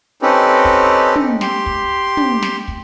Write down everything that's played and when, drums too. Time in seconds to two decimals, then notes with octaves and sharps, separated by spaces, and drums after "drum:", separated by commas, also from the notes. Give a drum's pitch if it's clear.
0.22 C4 C#4 D#4 G4 A4 B4
0.65 drum: kick
1.16 drum: tom
1.41 G4 C6, drum: snare
1.66 drum: kick
2.17 drum: tom
2.42 drum: snare
2.68 drum: kick